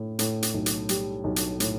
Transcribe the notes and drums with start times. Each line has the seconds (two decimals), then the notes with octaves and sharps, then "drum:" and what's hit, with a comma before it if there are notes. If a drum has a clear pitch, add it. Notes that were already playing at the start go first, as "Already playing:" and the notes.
Already playing: A2
0.19 A2, drum: hi-hat
0.43 drum: hi-hat
0.54 B1
0.66 drum: hi-hat
0.89 G3, drum: hi-hat
1.24 B1
1.36 drum: hi-hat
1.60 A2, drum: hi-hat